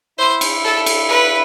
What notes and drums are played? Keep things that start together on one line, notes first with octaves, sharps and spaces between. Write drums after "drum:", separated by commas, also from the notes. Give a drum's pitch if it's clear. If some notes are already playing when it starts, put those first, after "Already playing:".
E4 C5 E5
drum: cymbal
A4
drum: cymbal
B4